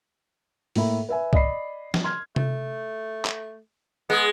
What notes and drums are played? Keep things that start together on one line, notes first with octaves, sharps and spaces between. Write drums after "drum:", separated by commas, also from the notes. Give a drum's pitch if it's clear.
A2 A#3 E5 B5, drum: open hi-hat
B4 E5 G#5
D5 D#5 B5 C7, drum: kick
drum: snare
C6 F6 G#6
A3, drum: tom C3
drum: clap
G#3 B3